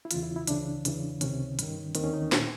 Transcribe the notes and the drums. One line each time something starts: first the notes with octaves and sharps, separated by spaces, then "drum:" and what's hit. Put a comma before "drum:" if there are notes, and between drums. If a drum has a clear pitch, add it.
E4
E2 C#3 E3 F4, drum: hi-hat
E4
E4
C#2 C#3 E3 D4, drum: hi-hat
E2 C#3 E3, drum: hi-hat
C#2 C3 D#3 C#4, drum: hi-hat
G2 D#3, drum: hi-hat
D#2 D#3 C4, drum: hi-hat
C#4
D#4
A#2, drum: snare